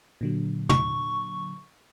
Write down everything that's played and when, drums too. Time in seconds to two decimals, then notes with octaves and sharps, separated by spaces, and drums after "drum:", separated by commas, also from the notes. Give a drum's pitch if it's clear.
0.21 A#2 D3 F#3
0.69 C#6, drum: tom